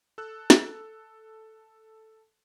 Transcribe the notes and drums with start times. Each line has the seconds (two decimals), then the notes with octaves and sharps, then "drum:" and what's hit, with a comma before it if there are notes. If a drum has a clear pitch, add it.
0.18 A4 E6 F#6
0.50 drum: snare